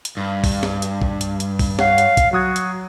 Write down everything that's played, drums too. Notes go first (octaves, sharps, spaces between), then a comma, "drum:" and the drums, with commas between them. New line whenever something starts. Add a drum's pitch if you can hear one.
drum: hi-hat
G2
drum: kick, open hi-hat
drum: snare
drum: hi-hat
drum: kick
drum: hi-hat
drum: hi-hat
drum: kick, open hi-hat
C#5 F5 F#5, drum: snare
drum: hi-hat
drum: kick, hi-hat
F#3 F#4 D#6 G#6
drum: hi-hat